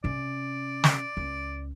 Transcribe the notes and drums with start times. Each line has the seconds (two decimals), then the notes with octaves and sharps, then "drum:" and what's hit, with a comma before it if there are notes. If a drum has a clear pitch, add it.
0.04 C3 C#4 D5
0.84 drum: snare
1.17 C#2